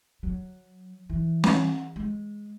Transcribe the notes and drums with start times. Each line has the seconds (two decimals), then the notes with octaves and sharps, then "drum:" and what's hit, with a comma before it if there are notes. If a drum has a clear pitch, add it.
0.23 F#3
1.10 E3
1.44 drum: snare
1.96 G#3